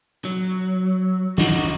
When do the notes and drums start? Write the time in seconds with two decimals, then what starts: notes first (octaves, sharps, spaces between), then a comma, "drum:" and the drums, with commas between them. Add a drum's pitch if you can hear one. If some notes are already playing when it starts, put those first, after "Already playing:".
0.25 F#3
1.38 D#4 F#4, drum: snare